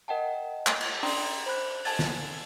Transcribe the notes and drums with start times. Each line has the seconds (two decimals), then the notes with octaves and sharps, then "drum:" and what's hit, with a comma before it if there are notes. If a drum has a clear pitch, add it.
0.08 A#4 D#5 F#5 G5 A5
0.66 drum: clap
0.81 drum: cymbal
1.03 C#4 D4 D5 G5 A#5 C6, drum: open hi-hat
1.46 C5 B5 F#6
1.85 G#5 A5 G#6 A6, drum: open hi-hat
1.99 drum: snare